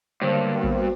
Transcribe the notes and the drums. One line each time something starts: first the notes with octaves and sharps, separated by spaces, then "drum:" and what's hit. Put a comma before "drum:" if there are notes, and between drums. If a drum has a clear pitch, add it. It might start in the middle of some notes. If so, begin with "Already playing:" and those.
G2 D3 G#3 A#3 B3 F#4 C5 C#5
drum: kick A1